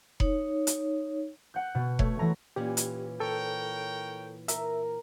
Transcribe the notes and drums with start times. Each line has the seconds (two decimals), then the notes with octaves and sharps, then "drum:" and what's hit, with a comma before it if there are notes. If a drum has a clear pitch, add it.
0.20 D#4 C#5, drum: kick F1
0.67 drum: hi-hat
1.54 F#5 G6
1.75 B2
1.99 A3 C#5, drum: kick F1
2.19 E3 A3 A#5
2.56 A#2 E3 C#4 G4
2.77 drum: hi-hat
3.20 A4 A#4 C#5 G5
4.48 A#4 E5, drum: hi-hat